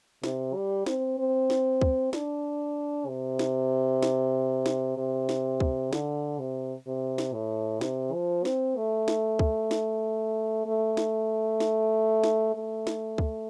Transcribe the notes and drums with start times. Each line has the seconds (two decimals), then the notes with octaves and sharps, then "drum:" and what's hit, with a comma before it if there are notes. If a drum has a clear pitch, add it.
0.24 C3, drum: snare
0.55 G3
0.86 C4, drum: snare
1.19 C4
1.50 drum: snare
1.81 drum: kick C#2
2.13 D4, drum: snare
3.07 C3
3.39 drum: snare
4.03 drum: snare
4.66 drum: snare
4.98 C3
5.29 drum: snare
5.60 drum: kick C#2
5.93 D3, drum: snare
6.39 C3
6.87 C3
7.18 drum: snare
7.34 A2
7.81 C3, drum: snare
8.13 F3
8.45 C4, drum: snare
8.77 A3
9.08 drum: snare
9.39 drum: kick C#2
9.71 drum: snare
10.66 A3
10.97 drum: snare
11.60 drum: snare
12.24 drum: snare
12.55 A3
12.87 drum: snare
13.18 drum: kick C#2